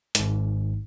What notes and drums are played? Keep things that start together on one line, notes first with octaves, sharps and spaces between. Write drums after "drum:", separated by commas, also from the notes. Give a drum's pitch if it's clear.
G#1 G#2, drum: hi-hat